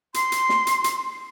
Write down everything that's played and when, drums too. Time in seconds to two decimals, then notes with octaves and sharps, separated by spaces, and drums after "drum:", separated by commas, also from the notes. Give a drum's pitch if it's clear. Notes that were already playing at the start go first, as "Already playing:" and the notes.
0.14 C6, drum: hi-hat
0.32 drum: hi-hat
0.49 drum: snare
0.67 drum: hi-hat
0.84 drum: hi-hat